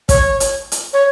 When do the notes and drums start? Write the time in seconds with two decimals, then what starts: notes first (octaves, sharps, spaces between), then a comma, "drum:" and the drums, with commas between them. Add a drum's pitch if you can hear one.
0.09 C#5, drum: kick, hi-hat
0.40 drum: hi-hat
0.72 drum: hi-hat
0.93 C#5